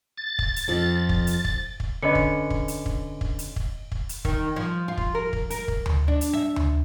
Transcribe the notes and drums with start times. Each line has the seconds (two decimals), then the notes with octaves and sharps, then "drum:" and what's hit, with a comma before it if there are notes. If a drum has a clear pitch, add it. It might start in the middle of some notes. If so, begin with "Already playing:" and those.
0.18 A6
0.39 drum: kick
0.56 drum: hi-hat
0.68 F2 F3
1.09 drum: kick
1.27 drum: hi-hat
1.45 drum: kick
1.80 drum: kick
2.03 D3 C#4 B4 D#5 C#7
2.15 drum: kick
2.50 drum: kick
2.68 drum: hi-hat
2.86 drum: kick
3.21 drum: kick
3.39 drum: hi-hat
3.56 drum: kick
3.92 drum: kick
4.09 drum: hi-hat
4.25 D#3, drum: kick
4.56 F3
4.88 F4
4.97 drum: kick
5.15 A#4
5.33 drum: kick
5.50 A#4, drum: hi-hat
5.68 drum: kick
5.86 drum: tom D2
6.08 D4
6.21 drum: hi-hat
6.33 E5
6.56 drum: tom D2